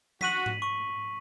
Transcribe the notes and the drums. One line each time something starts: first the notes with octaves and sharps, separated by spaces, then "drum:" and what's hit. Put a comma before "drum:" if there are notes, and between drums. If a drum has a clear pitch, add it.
F#4 B6 D#7 F#7, drum: tom F3
drum: tom G#2
C#6